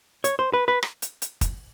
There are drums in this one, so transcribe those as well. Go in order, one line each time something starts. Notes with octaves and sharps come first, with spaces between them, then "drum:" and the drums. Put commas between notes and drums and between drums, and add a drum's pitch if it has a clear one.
C#5, drum: hi-hat
C5
B4
B4
drum: rim click
drum: hi-hat
drum: hi-hat
drum: kick, hi-hat